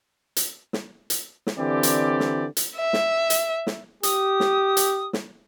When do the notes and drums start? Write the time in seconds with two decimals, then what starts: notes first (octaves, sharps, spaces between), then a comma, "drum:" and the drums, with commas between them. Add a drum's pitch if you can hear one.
0.37 drum: hi-hat
0.73 drum: snare
1.10 drum: hi-hat
1.47 drum: snare
1.58 D3 E3 C4 G4 D5
1.83 drum: hi-hat
2.20 drum: snare
2.57 drum: hi-hat
2.76 E5
2.93 drum: snare
3.30 drum: hi-hat
3.67 drum: snare
4.03 G4 D#6, drum: hi-hat
4.40 drum: snare
4.77 drum: hi-hat
5.13 drum: snare